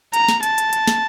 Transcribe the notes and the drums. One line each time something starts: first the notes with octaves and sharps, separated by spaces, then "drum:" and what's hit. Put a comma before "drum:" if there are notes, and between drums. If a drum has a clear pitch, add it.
A#5, drum: hi-hat
drum: snare
A5, drum: hi-hat
drum: hi-hat
drum: hi-hat
drum: snare